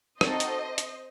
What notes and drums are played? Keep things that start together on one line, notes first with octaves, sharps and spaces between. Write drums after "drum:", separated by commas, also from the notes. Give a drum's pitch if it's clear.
C4 D#4 F#4 A4 C5 D#5, drum: rim click
drum: hi-hat
drum: hi-hat